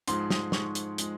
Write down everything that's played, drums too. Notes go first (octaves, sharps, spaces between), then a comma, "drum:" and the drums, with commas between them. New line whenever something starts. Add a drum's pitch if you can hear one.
G#2 F3 G#3 C6, drum: hi-hat
D#6, drum: snare
G#2 F3 G#3 C#6, drum: snare
drum: hi-hat
F3 G#3, drum: hi-hat